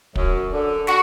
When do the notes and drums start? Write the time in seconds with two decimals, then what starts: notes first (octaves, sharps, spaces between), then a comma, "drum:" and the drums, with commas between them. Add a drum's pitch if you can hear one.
0.15 F#2, drum: kick
0.52 D3
0.87 F#4, drum: snare